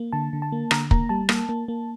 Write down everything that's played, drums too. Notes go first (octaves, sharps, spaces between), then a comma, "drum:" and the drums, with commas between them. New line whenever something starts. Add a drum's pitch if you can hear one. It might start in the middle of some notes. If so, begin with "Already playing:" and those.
Already playing: A#3
D3 A5
D3
A5
A#3
D3 A#5, drum: rim click
A#3 A#5, drum: kick
G3 A5
A#3, drum: rim click
A#3
A#3